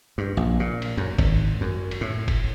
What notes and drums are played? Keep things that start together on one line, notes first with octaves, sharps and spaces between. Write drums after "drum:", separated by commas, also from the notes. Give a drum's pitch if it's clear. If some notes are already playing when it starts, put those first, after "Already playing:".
G2
A#1
A#2
drum: cymbal
F#2
G#1, drum: kick F#1, cymbal
F#2
drum: cymbal
A2
drum: kick F#1, cymbal